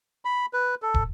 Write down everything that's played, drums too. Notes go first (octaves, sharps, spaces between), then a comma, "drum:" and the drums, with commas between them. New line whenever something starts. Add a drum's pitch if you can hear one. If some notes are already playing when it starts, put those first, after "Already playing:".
B5
B4
A4
drum: kick